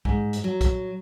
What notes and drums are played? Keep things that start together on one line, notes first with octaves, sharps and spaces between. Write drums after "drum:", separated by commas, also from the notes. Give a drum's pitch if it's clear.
G#2, drum: kick
drum: hi-hat
F#3
drum: kick, hi-hat